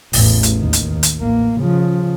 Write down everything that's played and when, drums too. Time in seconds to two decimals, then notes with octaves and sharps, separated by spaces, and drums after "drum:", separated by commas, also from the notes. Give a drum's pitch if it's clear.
0.13 A1 E2, drum: open hi-hat
0.43 drum: hi-hat
0.57 D#2 D#3
0.73 drum: hi-hat
1.03 drum: hi-hat
1.19 A1 A#3
1.58 C#3 F3